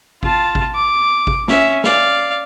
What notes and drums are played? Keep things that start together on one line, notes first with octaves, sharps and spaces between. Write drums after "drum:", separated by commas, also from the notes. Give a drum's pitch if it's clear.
F4 A5, drum: kick G#1
drum: kick G#1
D6
drum: kick G#1
C#4 E5, drum: snare
D5 F5, drum: snare